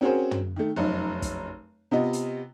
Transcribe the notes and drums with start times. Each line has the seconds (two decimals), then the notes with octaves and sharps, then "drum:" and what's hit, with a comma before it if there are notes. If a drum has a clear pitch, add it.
0.01 C4 C#4 F#4 G#4 A#4 C5
0.31 drum: tom
0.56 D#3 A3
0.76 F1 F#2 D#4
1.22 drum: kick, hi-hat
1.91 C3 B3 F4 D#5
2.13 drum: hi-hat